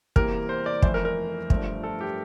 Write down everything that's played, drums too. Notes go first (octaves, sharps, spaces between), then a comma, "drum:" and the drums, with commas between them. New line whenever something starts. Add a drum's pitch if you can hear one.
E2 C3 G3 A#3 A#4, drum: kick
C5
D5
G1 F2 E3 A3 C5, drum: kick
A#4
A#4
G1 G2 F3 A3, drum: kick
A4
G4